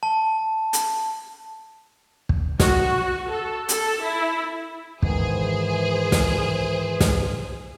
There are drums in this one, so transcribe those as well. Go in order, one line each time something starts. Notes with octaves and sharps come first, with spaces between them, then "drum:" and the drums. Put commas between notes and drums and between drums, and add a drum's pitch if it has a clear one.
A5
drum: hi-hat
drum: kick
F#4, drum: snare
A4
A4, drum: hi-hat
E4
G#2 D#3 E3 G#4 C5, drum: kick
drum: snare
drum: snare